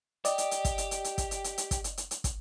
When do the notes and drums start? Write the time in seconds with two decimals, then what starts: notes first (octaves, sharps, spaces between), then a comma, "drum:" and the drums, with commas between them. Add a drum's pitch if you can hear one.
0.25 G4 D5 D#5, drum: hi-hat
0.38 drum: hi-hat
0.51 drum: hi-hat
0.65 drum: kick, hi-hat
0.78 drum: hi-hat
0.91 drum: hi-hat
1.04 drum: hi-hat
1.18 drum: kick, hi-hat
1.31 drum: hi-hat
1.44 drum: hi-hat
1.58 drum: hi-hat
1.71 drum: kick, hi-hat
1.84 drum: hi-hat
1.97 drum: hi-hat
2.11 drum: hi-hat
2.24 drum: kick, hi-hat